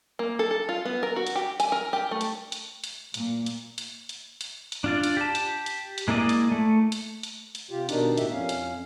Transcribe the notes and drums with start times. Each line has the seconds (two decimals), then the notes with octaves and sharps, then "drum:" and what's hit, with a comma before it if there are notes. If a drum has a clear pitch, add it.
0.19 A#3
0.39 A4
0.51 A4
0.69 F4
0.85 B3
1.03 A#4
1.16 F#4
1.27 drum: hi-hat
1.36 G4
1.60 G#5, drum: hi-hat
1.72 A#4
1.93 G4
2.11 A3
2.21 drum: hi-hat
2.52 drum: hi-hat
2.84 drum: hi-hat
3.14 A#2, drum: hi-hat
3.46 drum: hi-hat
3.78 drum: hi-hat
4.09 drum: hi-hat
4.41 drum: hi-hat
4.72 drum: hi-hat
4.84 D4 F4 D5
5.03 drum: hi-hat
5.17 G4 A5
5.35 drum: hi-hat
5.66 drum: hi-hat
5.98 drum: hi-hat
6.08 G#3 A#3 E4 D5 D#5
6.29 drum: hi-hat
6.52 A3
6.92 drum: hi-hat
7.23 drum: hi-hat
7.55 drum: hi-hat
7.71 C3 F4 G4
7.89 B2 D#3 D4 D#4, drum: hi-hat
8.17 A2 G4 E5, drum: hi-hat
8.32 F2 C#4 F5
8.49 drum: hi-hat